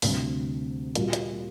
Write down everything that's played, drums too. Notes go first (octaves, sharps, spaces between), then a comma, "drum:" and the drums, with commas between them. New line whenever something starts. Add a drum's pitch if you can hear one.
D2 C3 G3, drum: open hi-hat
A#2 G3 A#3 F#4, drum: hi-hat
drum: hi-hat